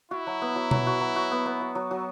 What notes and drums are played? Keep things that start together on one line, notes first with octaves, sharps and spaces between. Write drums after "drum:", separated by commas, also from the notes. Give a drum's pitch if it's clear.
E4 F#4
F#3
B3
F#3
F#3, drum: tom B2
F#4
F#3
F#4
B3
B3
F#4
F#3
F#3